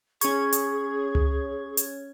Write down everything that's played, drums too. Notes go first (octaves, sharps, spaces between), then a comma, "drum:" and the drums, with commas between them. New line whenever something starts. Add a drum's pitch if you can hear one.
C#4 G#4 C#6 G#6, drum: hi-hat
drum: hi-hat
drum: tom C#2
drum: hi-hat